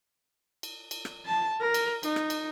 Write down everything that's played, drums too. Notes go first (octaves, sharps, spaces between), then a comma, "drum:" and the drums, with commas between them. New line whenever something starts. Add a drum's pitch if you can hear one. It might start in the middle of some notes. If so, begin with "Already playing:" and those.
drum: cymbal
drum: cymbal
drum: rim click
A5
A#4
drum: cymbal
D#4, drum: cymbal
drum: rim click
drum: cymbal